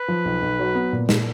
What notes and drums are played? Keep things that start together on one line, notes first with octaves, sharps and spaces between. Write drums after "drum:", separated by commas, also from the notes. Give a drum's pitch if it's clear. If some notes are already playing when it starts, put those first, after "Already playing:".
Already playing: B4
F3
B1
B1
F#3
B3
A#2
A#2, drum: snare